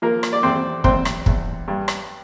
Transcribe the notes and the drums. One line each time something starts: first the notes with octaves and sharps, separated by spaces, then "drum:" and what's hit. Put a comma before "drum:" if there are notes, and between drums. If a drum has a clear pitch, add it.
F3 A#3 A#4
drum: rim click
D5
E2 C4 C5
E2 C4 C5, drum: kick
drum: rim click
E2, drum: kick
G2
drum: rim click